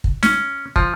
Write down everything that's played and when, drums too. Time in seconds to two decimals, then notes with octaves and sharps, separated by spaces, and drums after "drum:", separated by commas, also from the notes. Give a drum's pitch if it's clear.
0.04 drum: kick
0.23 C#4, drum: snare
0.76 F3, drum: kick